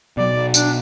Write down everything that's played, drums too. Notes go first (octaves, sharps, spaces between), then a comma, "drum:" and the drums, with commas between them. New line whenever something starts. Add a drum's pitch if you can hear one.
B2 F#3 D5
D4, drum: tambourine